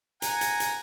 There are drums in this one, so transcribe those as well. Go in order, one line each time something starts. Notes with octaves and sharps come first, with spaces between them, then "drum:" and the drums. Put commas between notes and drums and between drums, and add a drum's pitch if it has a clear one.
F#5 G#5 A#5, drum: hi-hat
drum: hi-hat
drum: hi-hat